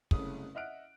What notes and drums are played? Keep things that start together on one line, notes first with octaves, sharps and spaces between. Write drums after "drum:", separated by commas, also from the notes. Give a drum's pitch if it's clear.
F#1 C2 C#3 A3 D#6, drum: kick
D#5 E5 F#5 F6 F#6 D7